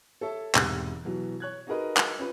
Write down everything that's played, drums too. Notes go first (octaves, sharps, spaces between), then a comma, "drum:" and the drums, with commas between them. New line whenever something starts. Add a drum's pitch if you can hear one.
A4 C#5 E5 A5
E1 G#2 C3, drum: clap
B2 E3 F#3
C#5 F#6 G#6
D#4 F#4 G#4 A#4 B4 D#5
drum: clap
C#4 F4 B4